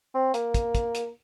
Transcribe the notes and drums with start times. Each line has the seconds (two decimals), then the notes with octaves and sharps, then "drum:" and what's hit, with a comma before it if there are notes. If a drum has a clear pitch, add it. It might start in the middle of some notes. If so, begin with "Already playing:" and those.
0.15 C4
0.34 A#3, drum: hi-hat
0.54 drum: kick, hi-hat
0.75 drum: kick, hi-hat
0.95 drum: hi-hat